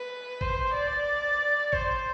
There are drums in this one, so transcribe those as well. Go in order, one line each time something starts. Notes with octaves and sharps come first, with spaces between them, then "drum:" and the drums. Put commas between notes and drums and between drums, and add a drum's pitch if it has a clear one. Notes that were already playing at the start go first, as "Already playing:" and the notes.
Already playing: B4
C5, drum: kick
D5
C5, drum: kick